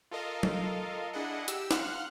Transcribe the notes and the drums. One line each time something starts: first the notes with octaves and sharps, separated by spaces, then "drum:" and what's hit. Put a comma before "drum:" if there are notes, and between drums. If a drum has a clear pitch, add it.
F4 A4 A#4 D#5 F5
drum: tom F#3
D4 E4 G#4 D#5 F#5
G4 E6, drum: hi-hat
F5 F#5 C6 F6 F#6, drum: snare